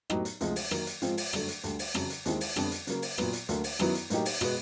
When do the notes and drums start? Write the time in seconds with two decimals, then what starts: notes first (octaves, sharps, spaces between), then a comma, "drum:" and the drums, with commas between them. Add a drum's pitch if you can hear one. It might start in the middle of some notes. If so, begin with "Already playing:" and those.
0.10 A2 F#3 B3 D#4 G4, drum: rim click
0.25 drum: hi-hat
0.41 D2 C3 F3 G#3, drum: hi-hat
0.56 drum: open hi-hat
0.71 D#3 F#3 A#3, drum: rim click
0.87 drum: hi-hat
1.02 G#2 F3 G#3 C4 F4, drum: hi-hat
1.17 drum: open hi-hat
1.33 G2 D3 F#3 A3, drum: rim click
1.48 drum: hi-hat
1.63 D2 D3 G3, drum: hi-hat
1.79 drum: open hi-hat
1.94 F2 C#3 F#3, drum: rim click
2.10 drum: hi-hat
2.25 D#2 D#3 G#3 C4 E4, drum: hi-hat
2.41 drum: open hi-hat
2.56 F2 D3 G3 B3 D4, drum: rim click
2.71 drum: hi-hat
2.87 C#3 F#3 A#3, drum: hi-hat
3.02 drum: open hi-hat
3.18 A#2 F#3 B3, drum: rim click
3.33 drum: hi-hat
3.49 D2 D3 F#3 A#3, drum: hi-hat
3.64 drum: open hi-hat
3.79 F#2 D#3 F#3 B3 E4, drum: rim click
3.95 drum: hi-hat
4.10 A2 F#3 A#3 D#4 G4, drum: hi-hat
4.25 drum: open hi-hat
4.41 B2 G#3 B3, drum: rim click